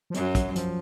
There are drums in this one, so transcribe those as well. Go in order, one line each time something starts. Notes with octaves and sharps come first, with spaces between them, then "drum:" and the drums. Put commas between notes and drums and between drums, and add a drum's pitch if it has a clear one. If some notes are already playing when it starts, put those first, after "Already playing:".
F3
F#2 F#3, drum: hi-hat
drum: kick, hi-hat
F3, drum: hi-hat